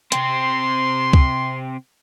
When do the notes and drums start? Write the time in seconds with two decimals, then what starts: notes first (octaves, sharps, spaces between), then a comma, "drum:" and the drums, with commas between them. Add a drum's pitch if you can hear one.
0.12 C3 C4 C6, drum: hi-hat
1.13 drum: kick C#2